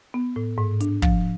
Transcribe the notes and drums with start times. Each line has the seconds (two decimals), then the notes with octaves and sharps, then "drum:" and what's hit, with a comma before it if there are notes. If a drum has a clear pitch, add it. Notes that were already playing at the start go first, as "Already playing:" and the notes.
0.14 B3
0.36 A2
0.58 G#2
0.81 D4, drum: hi-hat
1.02 F3, drum: kick